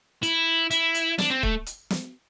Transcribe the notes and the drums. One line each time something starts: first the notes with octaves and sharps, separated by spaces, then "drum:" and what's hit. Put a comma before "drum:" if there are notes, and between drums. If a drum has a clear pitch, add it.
E4, drum: hi-hat
E4, drum: hi-hat
drum: hi-hat
D4, drum: snare
C4
A3, drum: kick
drum: hi-hat
drum: snare